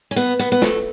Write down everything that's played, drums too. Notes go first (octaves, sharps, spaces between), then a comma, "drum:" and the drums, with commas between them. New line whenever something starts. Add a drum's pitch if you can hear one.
C#4
B3, drum: hi-hat
B3, drum: hi-hat
B3
A3, drum: snare